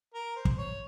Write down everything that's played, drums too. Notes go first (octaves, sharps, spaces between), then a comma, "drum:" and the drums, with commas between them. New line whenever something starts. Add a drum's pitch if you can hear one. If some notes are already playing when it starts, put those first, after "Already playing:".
A#4
C5
drum: kick
C#5